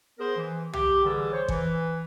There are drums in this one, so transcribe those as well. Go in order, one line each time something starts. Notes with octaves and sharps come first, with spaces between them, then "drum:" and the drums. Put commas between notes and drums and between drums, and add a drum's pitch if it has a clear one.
B3 G#4 A#4 C5
E3
G4, drum: tom
D3 E3 G3 G#4 A4
C5 C#5
E3, drum: kick G#1